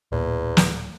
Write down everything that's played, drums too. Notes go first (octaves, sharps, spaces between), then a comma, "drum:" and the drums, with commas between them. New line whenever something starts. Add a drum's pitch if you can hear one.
D1 E2 A#2
drum: snare